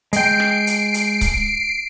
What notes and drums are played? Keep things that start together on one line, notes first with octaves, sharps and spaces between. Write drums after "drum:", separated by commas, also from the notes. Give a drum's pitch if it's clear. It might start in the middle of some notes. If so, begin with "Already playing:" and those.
G#3 G5 C7 D7, drum: hi-hat
drum: rim click
drum: hi-hat
drum: hi-hat
drum: kick C#1, hi-hat